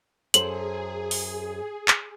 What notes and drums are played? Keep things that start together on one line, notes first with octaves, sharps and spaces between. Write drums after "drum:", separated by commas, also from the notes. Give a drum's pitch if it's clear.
F#2 G#4 A4 C5 F#7, drum: hi-hat
drum: open hi-hat
drum: clap